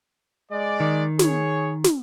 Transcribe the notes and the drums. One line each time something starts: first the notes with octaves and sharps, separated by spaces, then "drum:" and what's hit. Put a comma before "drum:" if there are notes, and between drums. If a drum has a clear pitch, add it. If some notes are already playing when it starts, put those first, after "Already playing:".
G#3 D5
D#3
G#4 C#5, drum: snare
drum: snare